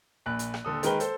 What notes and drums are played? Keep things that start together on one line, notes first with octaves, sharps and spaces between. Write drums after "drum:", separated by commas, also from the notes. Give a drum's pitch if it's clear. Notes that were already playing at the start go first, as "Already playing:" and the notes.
A#1 B5 F#6
drum: hi-hat
drum: rim click
D#1 D3 A4 D#6
D#3 G#3 A#4 B4 G5 G7, drum: hi-hat
A4 C5, drum: hi-hat